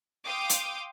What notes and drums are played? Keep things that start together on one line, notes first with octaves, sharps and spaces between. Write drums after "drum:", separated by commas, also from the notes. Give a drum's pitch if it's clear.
F5 G5 C6 D6 D#6
drum: hi-hat